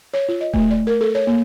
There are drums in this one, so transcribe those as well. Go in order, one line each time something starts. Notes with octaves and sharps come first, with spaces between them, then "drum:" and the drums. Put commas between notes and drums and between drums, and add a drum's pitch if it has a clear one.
C#5
F4
D#5
A3, drum: kick D#1
D5
A#4
A4
C#5
A#3